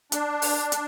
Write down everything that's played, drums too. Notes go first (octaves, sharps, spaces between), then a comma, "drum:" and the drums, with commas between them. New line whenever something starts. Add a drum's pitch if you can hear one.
D4, drum: hi-hat
drum: open hi-hat
drum: hi-hat